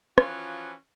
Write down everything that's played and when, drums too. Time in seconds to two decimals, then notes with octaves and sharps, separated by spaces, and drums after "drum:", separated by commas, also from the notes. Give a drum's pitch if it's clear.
0.18 E3 F3 C#4 F4 F#4, drum: rim click